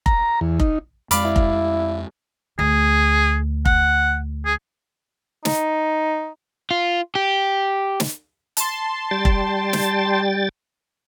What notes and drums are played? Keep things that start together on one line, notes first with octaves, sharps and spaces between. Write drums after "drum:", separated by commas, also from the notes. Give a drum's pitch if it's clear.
A#5, drum: kick F1
E2
D#4, drum: kick F1
F2 G#3 D5 F5 B5, drum: hi-hat
E4
drum: kick F1
D2 G#4
F#5, drum: kick F1
G#4
D#4, drum: snare
F4
G4
drum: snare
A5 C6, drum: hi-hat
G3 G5 A6
drum: kick F1
drum: snare